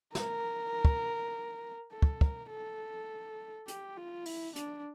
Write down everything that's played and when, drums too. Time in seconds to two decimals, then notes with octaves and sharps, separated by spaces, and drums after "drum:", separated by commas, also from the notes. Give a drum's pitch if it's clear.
0.15 A#4, drum: snare
0.85 drum: kick
1.92 A4
2.02 drum: kick
2.21 A#4, drum: kick
2.50 A4
3.68 G4, drum: hi-hat
3.97 F4
4.26 E4, drum: open hi-hat
4.56 D4, drum: hi-hat